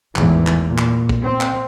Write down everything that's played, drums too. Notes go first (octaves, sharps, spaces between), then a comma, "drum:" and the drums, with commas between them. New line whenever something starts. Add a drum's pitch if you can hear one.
G#1 E2 A2 E3, drum: clap
drum: clap
A#2
drum: clap
drum: kick
C4
drum: clap